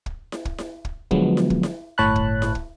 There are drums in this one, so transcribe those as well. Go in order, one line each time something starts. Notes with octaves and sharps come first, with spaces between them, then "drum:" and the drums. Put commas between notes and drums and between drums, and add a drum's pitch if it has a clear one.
drum: kick
drum: snare E4
drum: kick
drum: snare E4
drum: kick
D3 F3 F#3 G#3 B3, drum: kick
drum: snare E4
drum: kick
drum: snare E4
G1 A2 C#5 A5 B5 F#6
drum: kick
drum: snare E4
drum: kick